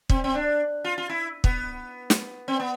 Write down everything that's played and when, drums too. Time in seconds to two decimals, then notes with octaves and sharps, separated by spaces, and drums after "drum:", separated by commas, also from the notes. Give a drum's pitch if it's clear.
0.10 C4, drum: kick
0.24 C4
0.35 D4
0.84 F4
0.98 F4
1.09 E4
1.44 B3, drum: kick
2.10 drum: snare
2.48 C4
2.60 B3